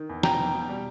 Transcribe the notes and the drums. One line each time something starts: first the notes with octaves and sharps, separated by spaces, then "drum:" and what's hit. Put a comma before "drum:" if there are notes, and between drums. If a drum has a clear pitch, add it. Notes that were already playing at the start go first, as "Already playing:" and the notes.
Already playing: D#3
E2
B2 G5 A#5, drum: snare
B2
B2
G3